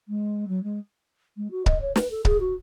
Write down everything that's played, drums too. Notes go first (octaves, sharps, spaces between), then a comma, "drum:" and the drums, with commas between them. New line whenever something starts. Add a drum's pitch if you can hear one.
G#3
F#3
G#3
G#3
F#4
D#5, drum: kick C#1
C#5
B4, drum: snare
A4
G#4, drum: kick C#1
F#4